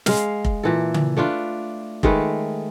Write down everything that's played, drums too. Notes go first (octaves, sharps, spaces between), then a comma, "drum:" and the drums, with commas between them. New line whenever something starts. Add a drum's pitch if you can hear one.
G#3 F5, drum: snare
drum: kick F1
A#2 E3 A4
drum: tom C#3
A3 D4 F4 B4
D#3 G#3 A3 B4, drum: kick F1